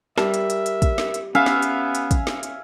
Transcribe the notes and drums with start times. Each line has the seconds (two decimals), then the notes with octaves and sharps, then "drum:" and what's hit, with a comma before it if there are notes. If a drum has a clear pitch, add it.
0.18 G3 A#4 E5 A5, drum: snare
0.34 drum: hi-hat
0.50 drum: hi-hat
0.66 drum: hi-hat
0.82 drum: kick, hi-hat
0.98 drum: snare
1.14 drum: hi-hat
1.35 B3 C#4 E5 F5 G#5
1.46 drum: snare
1.62 drum: hi-hat
1.95 drum: hi-hat
2.11 drum: kick, hi-hat
2.27 drum: snare
2.43 drum: hi-hat